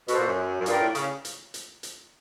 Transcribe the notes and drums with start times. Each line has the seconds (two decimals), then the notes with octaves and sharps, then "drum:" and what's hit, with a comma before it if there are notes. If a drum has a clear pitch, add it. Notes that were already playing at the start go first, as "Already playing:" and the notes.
0.08 B2 F#4 A4 C5, drum: hi-hat
0.18 A#2
0.27 F#2
0.60 F#2
0.66 G2 F4 A#4 D5 G5, drum: hi-hat
0.81 A2
0.95 C#3, drum: hi-hat
1.25 drum: hi-hat
1.54 drum: hi-hat
1.83 drum: hi-hat